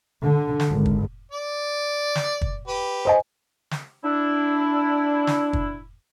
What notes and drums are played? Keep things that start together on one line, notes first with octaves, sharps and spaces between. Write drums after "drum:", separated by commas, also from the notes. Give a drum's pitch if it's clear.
D3
drum: snare
G#1
drum: kick
D5
drum: snare
drum: kick
G4 B4
C5 D#5 G#5
drum: snare
D4 E4
drum: snare
drum: kick